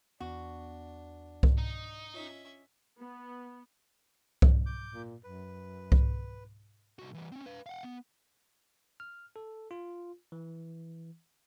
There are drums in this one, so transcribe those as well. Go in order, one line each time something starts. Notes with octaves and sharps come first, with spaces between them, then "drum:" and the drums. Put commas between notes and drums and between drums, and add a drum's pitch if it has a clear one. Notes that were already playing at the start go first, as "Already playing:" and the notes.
E2 B3 D4 F#4
drum: kick C2
D#4
C#4 F4 C#5 D#5 E5
B3
drum: kick C2
D6 G6
A#2
F#2 B4
drum: kick C2
C2 F#4
E3 G3
C4 C#4
B4 F5
F5 F#5
B3
F6
A4
F4
E3